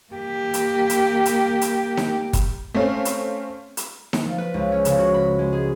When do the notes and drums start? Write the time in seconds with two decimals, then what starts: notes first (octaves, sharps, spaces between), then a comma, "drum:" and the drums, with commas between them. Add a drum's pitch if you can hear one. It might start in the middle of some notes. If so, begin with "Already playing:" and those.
0.13 A#3 G4
0.54 drum: hi-hat
0.90 drum: hi-hat
1.25 drum: hi-hat
1.61 drum: hi-hat
1.97 drum: snare D#4
2.33 drum: kick, hi-hat
2.75 A3 C4 C#4 F5
3.05 drum: hi-hat
3.77 drum: hi-hat
4.13 drum: snare D#4
4.25 F3
4.38 B4
4.54 C#2
4.72 C#4
4.85 C#3, drum: hi-hat
4.99 F#4
5.14 B5
5.39 G#3
5.53 G#4